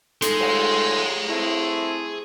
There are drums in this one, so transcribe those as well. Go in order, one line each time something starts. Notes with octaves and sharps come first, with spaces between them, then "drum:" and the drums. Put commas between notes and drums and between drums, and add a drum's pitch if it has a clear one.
D#4 F4 G#4 A4 C6, drum: hi-hat
drum: cymbal
A3 C4 E4